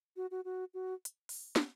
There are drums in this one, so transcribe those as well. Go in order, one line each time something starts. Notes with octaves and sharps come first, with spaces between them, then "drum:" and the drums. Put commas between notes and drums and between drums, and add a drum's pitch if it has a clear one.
F#4
F#4
F#4
F#4
drum: hi-hat
drum: open hi-hat
drum: snare